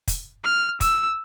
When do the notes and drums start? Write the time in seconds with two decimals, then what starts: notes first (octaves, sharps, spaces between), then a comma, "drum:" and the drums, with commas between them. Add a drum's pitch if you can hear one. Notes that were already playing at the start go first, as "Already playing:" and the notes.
0.08 drum: kick, hi-hat
0.44 F6
0.81 E6, drum: kick, hi-hat